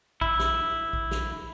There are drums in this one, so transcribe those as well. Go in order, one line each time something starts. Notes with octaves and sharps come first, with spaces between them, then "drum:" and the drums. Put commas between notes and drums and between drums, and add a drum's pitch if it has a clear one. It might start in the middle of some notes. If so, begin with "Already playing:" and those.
E4, drum: kick A#1
drum: snare
drum: kick A#1
drum: snare